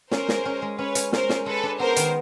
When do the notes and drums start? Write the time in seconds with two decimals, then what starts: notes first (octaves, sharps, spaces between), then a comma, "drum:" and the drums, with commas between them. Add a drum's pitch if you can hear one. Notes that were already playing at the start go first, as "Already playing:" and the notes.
0.11 C#4 A#4 C5, drum: snare
0.29 G#3, drum: snare
0.45 C#4
0.62 G#3
0.78 C#4 B4 C#5
0.95 C#4, drum: hi-hat
1.12 C#4 A#4 C5, drum: snare
1.29 C#4, drum: snare
1.46 G#3 A4 B4
1.63 D4
1.79 B3 A#4 C5
1.96 D#3, drum: hi-hat